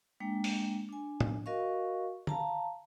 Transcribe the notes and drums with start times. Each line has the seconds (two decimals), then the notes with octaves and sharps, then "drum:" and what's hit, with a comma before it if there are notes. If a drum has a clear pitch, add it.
0.20 G#3 A#3 D4 G5
0.44 drum: open hi-hat
0.89 D4 G#5
1.20 drum: tom A2
1.46 F#4 A#4 D#5 F5 C#6
2.27 F5 A5 A#5, drum: tom